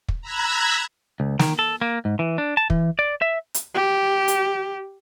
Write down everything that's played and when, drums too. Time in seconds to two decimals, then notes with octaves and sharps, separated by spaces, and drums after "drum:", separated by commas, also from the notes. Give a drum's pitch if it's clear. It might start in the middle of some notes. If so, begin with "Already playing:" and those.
0.09 drum: kick
0.21 A#5 B5 E6 F#6 G#6
1.20 C#2
1.39 D#3, drum: snare
1.59 A4
1.81 A#3
2.05 G#2
2.19 E3
2.38 D4
2.57 A5
2.70 E3, drum: kick
2.99 D5
3.22 E5
3.54 drum: hi-hat
3.75 G4
4.28 drum: hi-hat